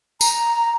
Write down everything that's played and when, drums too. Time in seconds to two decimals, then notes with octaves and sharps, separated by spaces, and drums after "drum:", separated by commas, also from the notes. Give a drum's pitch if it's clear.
0.21 A#5, drum: tambourine